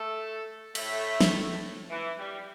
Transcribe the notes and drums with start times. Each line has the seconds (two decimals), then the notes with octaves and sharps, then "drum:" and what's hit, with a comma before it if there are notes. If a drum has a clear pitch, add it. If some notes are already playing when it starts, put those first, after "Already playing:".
Already playing: A3 A4
0.75 A2 A3, drum: cymbal
1.21 drum: snare
1.89 E3
2.18 G3